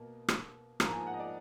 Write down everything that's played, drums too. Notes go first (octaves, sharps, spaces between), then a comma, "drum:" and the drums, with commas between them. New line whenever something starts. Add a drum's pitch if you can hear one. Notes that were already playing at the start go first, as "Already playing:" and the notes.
Already playing: B2 A#3
drum: rim click
G#2 F3 A#3 A#5, drum: rim click
G#5
F#5
D#5
D5